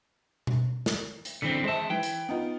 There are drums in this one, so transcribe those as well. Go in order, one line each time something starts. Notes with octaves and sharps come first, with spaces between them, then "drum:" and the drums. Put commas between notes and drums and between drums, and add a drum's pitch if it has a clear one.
drum: tom B2
drum: snare
drum: hi-hat
D3 E3 C4 B6
G#3 C5 E5 A5
E3 G5
drum: hi-hat
B3 D#4 F4